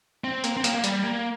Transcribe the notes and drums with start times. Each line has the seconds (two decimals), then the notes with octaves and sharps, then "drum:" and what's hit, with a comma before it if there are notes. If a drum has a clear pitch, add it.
0.24 C4
0.44 A#3, drum: hi-hat
0.57 C4
0.64 A#3, drum: hi-hat
0.74 A#3
0.84 G3, drum: hi-hat
1.04 A#3